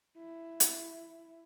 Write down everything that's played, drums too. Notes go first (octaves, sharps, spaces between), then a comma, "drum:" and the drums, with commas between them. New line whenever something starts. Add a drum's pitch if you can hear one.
E4
drum: hi-hat